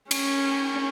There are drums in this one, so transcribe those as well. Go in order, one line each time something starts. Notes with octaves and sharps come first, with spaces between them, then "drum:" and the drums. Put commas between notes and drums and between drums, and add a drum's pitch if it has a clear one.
C#4, drum: cymbal